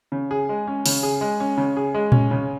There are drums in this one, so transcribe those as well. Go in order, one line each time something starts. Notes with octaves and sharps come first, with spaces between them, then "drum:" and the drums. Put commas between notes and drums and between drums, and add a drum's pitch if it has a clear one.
C#3
G#4
G#3
C#4
C#3, drum: open hi-hat
G#4
G#3
C#4
C#3
G#4
G#3
C#4, drum: tom A#2
C#3